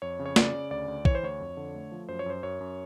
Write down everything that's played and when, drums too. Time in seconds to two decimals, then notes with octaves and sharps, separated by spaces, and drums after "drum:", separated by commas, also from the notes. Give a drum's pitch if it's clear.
0.02 F2 C#5
0.19 C#3
0.26 C#5
0.36 C#3 D5, drum: snare
0.54 C#3
0.71 D2 D5
0.88 D2
1.05 E3 C#5, drum: kick
1.15 C5
1.23 D2 C#5
1.40 F2
1.57 D3
1.74 A3
1.92 F3
2.08 F#2 C5
2.19 C#5
2.26 F#2 C5
2.43 F#2 C#5
2.61 F#2